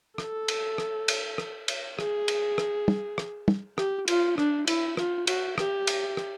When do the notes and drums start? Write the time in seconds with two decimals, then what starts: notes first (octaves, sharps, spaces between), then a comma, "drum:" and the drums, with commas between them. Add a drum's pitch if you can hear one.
0.18 A4, drum: rim click
0.48 drum: cymbal
0.78 drum: rim click
1.08 drum: cymbal
1.38 drum: rim click
1.68 drum: cymbal
1.99 G#4, drum: rim click
2.28 drum: cymbal
2.58 drum: rim click
2.88 drum: tom
3.18 drum: rim click
3.48 drum: tom
3.78 G4, drum: rim click
4.08 F4, drum: cymbal
4.38 D4, drum: rim click
4.67 E4, drum: cymbal
4.97 F4, drum: rim click
5.27 F#4, drum: cymbal
5.58 G4, drum: rim click
5.87 drum: cymbal
6.17 drum: rim click